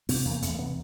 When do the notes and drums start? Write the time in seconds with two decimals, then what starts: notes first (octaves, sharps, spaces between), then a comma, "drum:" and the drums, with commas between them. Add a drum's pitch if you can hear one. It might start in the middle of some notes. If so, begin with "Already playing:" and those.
0.09 C3 B3, drum: open hi-hat
0.25 E2 A#3
0.42 E2 A3, drum: hi-hat
0.55 A#3
0.59 C3 B3